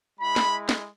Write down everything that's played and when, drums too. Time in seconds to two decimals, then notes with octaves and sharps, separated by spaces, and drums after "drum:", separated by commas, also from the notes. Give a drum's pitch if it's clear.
0.20 G#3 E4 B5
0.36 drum: snare
0.69 drum: snare